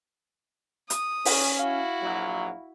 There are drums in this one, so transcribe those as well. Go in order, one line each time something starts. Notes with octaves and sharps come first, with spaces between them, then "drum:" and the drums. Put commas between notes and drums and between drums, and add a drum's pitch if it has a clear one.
D#6, drum: hi-hat
C#4, drum: open hi-hat
E4 F#4 F5
A#1 F#3